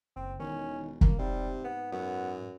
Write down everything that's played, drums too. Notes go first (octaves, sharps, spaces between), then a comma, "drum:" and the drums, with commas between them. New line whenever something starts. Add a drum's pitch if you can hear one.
F#1 C4
E1 D#3 C#4
B1 A#3, drum: kick
G#2 C3 G3
B3
F#2 B3